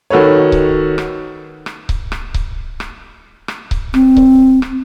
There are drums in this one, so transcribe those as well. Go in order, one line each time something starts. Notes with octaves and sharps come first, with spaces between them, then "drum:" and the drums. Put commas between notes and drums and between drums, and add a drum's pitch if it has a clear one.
D#3 F#4 A4 B4 C#5
drum: kick C#1
drum: rim click
drum: rim click
drum: kick C#1
drum: rim click
drum: kick C#1
drum: rim click
drum: rim click
drum: kick C#1
C4, drum: rim click
drum: kick C#1
drum: rim click